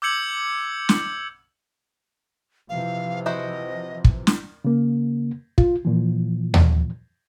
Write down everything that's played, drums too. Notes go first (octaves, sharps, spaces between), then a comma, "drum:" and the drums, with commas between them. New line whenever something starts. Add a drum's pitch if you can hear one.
D6 E6 G6 G#6 C#7 F#7
drum: snare
C3 E3 F3 F5
E4 F#4 C5 D#5
drum: kick
drum: snare
C#3 A#3
F4, drum: kick
A#2 E3 F3
drum: tom D#2